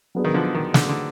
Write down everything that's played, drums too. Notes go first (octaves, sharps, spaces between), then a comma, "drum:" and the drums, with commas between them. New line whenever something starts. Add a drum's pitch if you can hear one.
F#3 B3 D4 G#4
D#3
D3 F3
D#3
D3, drum: snare
D3